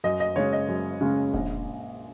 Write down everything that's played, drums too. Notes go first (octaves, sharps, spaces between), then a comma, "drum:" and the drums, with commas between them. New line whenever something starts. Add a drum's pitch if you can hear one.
F#2 D#5
D#5
C#3 G#3 C#4 C#5
D#5
F#2
C#3 G#3 C#4
A#1, drum: kick E1